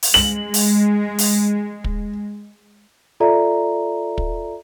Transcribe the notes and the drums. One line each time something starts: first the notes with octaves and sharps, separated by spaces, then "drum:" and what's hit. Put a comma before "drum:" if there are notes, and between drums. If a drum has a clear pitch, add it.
drum: open hi-hat
G#3 F#7
drum: open hi-hat
drum: open hi-hat
drum: kick
F4 A4 D5 E5 A#5
drum: kick